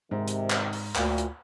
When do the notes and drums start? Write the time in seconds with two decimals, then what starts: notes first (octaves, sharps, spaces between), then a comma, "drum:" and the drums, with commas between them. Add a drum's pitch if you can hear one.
0.11 G#2 C3 D#3
0.28 drum: hi-hat
0.50 drum: clap
0.73 drum: open hi-hat
0.95 D2 A#2, drum: clap
1.18 drum: hi-hat